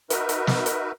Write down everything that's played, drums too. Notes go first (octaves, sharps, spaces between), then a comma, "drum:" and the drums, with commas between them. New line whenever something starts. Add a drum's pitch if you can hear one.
D#4 F#4 A#4 B4 E5, drum: hi-hat
drum: hi-hat
drum: snare
drum: hi-hat